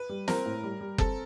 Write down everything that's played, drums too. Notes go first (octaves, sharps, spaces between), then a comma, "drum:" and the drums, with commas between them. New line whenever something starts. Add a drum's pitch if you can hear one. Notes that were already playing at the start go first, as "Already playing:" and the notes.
Already playing: B4
G3
C4 A#4, drum: snare
A2
G3
G3
C4 A4, drum: kick F#1